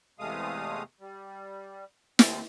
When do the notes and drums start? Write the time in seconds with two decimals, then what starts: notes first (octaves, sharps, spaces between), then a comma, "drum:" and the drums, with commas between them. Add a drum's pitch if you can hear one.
0.19 E2 C3 G#3 A3 F5 D#6
1.00 G3
2.19 D#2 C4, drum: snare